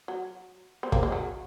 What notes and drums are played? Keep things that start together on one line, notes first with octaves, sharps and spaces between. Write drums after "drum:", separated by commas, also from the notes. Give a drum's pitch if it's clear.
F#3
C4
A#3, drum: kick
G#3
F#3